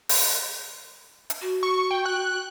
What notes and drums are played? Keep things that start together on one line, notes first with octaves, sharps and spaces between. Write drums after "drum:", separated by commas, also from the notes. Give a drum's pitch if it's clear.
drum: open hi-hat
drum: hi-hat
F#4
C#6
G5
F#6